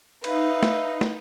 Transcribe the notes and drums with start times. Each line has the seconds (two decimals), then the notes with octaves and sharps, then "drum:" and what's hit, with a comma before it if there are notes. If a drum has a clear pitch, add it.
0.24 D#4 B4 E5 F5, drum: cymbal
0.63 drum: snare
1.01 drum: snare